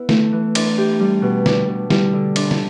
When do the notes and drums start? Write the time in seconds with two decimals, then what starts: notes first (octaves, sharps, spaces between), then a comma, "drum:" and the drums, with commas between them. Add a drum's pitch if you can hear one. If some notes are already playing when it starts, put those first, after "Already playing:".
Already playing: B3 E4
0.09 A3, drum: snare
0.32 E3
0.55 D4, drum: cymbal
0.78 G4
1.00 G3
1.22 B2
1.46 D4, drum: snare
1.68 B2
1.90 G3, drum: snare
2.13 D3
2.36 D4, drum: cymbal
2.51 drum: snare